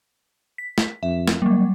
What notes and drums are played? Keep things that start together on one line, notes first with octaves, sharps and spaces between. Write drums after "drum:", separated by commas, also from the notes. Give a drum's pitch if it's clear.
B6
drum: snare
F2 E5
drum: snare
F#3 G3 A#3